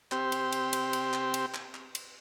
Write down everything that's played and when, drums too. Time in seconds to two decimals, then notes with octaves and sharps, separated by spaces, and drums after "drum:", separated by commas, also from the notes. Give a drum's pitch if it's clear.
0.12 C4 G4, drum: clap
0.32 drum: cymbal
0.52 drum: cymbal
0.73 drum: cymbal
0.93 drum: cymbal
1.13 drum: clap
1.34 drum: cymbal
1.54 drum: clap
1.75 drum: clap
1.95 drum: cymbal